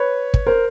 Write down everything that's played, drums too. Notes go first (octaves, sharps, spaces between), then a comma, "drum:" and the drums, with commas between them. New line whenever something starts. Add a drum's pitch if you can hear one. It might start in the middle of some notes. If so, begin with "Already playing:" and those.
Already playing: B4 C#5
drum: kick
A#4 C5